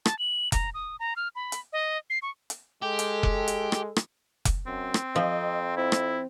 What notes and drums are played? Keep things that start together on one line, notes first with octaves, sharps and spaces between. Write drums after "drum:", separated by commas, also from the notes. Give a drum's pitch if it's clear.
A5, drum: rim click
F#7
A#5, drum: kick F1, hi-hat
D#6
A#5
F6
B5
drum: hi-hat
D#5
C7
C#6
drum: hi-hat
G#3 G4 A4
drum: hi-hat
drum: kick F1
drum: hi-hat
drum: rim click
drum: rim click
drum: kick F1, hi-hat
F#2 C4
drum: rim click
F2 F3 D#5
C4 E4
drum: rim click